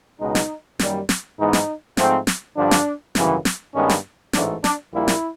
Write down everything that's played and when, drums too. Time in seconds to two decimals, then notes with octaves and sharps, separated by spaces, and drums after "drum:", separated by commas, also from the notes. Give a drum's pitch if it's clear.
0.20 C#2 B2 G#3 D#4
0.35 drum: snare
0.79 F#2 D#3 G3 A#3, drum: snare
1.09 drum: snare
1.38 G#2 E3 G#3 B3 D#4
1.53 drum: snare
1.97 G#2 F3 A3 C4, drum: snare
2.27 drum: snare
2.56 G2 D3 F3 D4
2.71 drum: snare
3.15 G#1 F#2 C#3 E3 G3, drum: snare
3.45 drum: snare
3.74 G2 D#3 G#3 B3 C#4
3.89 drum: snare
4.33 A1 G#2 E3 A3 D4, drum: snare
4.64 D4, drum: snare
4.92 A#1 A#2 G3 A#3 E4
5.08 drum: snare